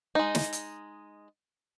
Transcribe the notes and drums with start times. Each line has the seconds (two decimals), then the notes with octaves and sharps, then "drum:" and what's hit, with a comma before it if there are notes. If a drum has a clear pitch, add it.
0.15 G#3 D#4
0.35 drum: snare
0.53 drum: hi-hat